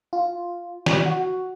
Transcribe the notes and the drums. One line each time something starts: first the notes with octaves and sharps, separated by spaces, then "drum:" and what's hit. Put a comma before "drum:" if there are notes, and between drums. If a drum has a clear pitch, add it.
F4
drum: snare
F#4